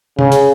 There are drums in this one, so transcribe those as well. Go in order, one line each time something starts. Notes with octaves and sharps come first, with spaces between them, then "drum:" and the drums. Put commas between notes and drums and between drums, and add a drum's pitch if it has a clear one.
C#3, drum: tom
drum: hi-hat